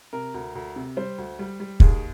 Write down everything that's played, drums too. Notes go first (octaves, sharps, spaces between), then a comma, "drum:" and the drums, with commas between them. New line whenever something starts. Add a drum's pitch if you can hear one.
C3 A#4
D2
D2
C3
G3 C5
D2
G3
G3
D#2 G#4, drum: kick